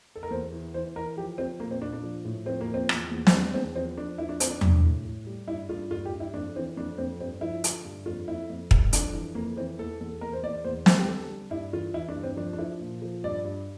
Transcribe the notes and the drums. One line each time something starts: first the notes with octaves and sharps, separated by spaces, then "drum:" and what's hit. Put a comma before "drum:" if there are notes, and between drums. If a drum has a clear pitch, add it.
A4
A#4
E2 C5
E3
E3 C5
E3 A#4
F3 G4
F3 C4
A#2 A#3
C4
A#2 D4
D4
F3
A2
F3 C4
A#3
F3
C4
E2, drum: rim click
E2
C4, drum: snare
G3 D4
E2 C4
F3 C4
F3 D4
F3 E4
D4
D3 C4, drum: hi-hat
D4
G3, drum: tom E2
A2
A2
G3
G2 E4
G2 F4
G2 F4
G4
G2
E4
F2 D4
E3 C4
F2 D4
F2 C4
G2 C4
F3 E4
D3, drum: hi-hat
G2
F2 F4
F2 E4
F2
G3, drum: kick
F2 D4, drum: hi-hat
E3
F2 A#3
E3 C4
E2 A4
E2 A4
E2 A#4
C5
E2 D5
E2 C5
E2 C5, drum: snare
G4
D3 A4
G3
G2 E4
E3 F4
E3 E4
D4
G2
C4
F3 D4
D4
F3 E4
A#2
F3
G2 D5
G2